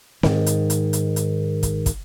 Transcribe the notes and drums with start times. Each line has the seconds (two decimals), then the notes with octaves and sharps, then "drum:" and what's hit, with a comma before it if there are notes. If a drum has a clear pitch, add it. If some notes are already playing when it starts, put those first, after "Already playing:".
0.23 G#2 D#3, drum: snare C4
0.46 drum: hi-hat
0.70 drum: hi-hat
0.93 drum: hi-hat
1.16 drum: hi-hat
1.63 drum: kick, hi-hat
1.86 drum: kick, hi-hat